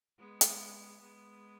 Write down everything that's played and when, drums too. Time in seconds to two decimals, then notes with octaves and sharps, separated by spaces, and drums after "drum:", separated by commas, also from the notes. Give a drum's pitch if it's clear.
0.19 G#3 B3
0.41 drum: hi-hat
1.02 G#3 B3